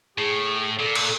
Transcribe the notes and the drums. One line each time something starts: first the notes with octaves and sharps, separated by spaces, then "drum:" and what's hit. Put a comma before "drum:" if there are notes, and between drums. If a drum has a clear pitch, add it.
A2 G#4
A#2 A4
drum: cymbal